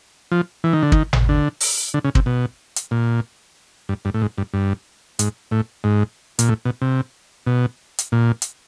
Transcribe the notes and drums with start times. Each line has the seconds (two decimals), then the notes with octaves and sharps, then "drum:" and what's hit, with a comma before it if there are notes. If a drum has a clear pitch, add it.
0.32 F3
0.64 E3
0.73 D#3
0.83 D3
0.92 D#3, drum: kick
1.13 drum: tom G#1
1.29 D3
1.60 drum: open hi-hat
1.94 D3
2.05 C#3
2.15 C3, drum: kick
2.26 B2
2.76 drum: hi-hat
2.91 A#2
3.89 G2
4.05 G2
4.14 A2
4.22 G#2
4.38 G2
4.54 G2
5.19 G#2, drum: hi-hat
5.51 A2
5.84 G#2
6.39 A#2, drum: hi-hat
6.49 A2
6.65 B2
6.82 C3
7.47 B2
7.99 drum: hi-hat
8.12 A#2
8.42 drum: hi-hat